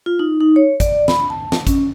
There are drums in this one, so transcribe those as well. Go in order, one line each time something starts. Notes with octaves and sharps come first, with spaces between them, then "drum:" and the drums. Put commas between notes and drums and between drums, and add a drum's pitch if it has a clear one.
F4
D#4
D#4
C#5
D5, drum: kick, hi-hat
B5, drum: snare
A5
drum: snare
C#4, drum: kick, hi-hat